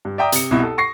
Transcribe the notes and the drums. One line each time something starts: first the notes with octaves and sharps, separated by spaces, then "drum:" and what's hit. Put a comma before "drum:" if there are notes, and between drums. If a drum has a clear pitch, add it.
G2
D5 E5 G5 A#5 D#6
C3 C#7, drum: hi-hat
C2 B2 E4
A4
C#6 A#6 C7